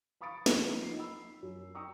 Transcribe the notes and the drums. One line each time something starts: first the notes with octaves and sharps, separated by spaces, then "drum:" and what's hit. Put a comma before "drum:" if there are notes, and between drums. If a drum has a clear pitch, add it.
F5 B5 C#6 D#6 A6 D7
F3 D#4, drum: snare
A#3 D#4 F4 C7
B5 E6
F#2
G5 A#5 C#6 D#6 E6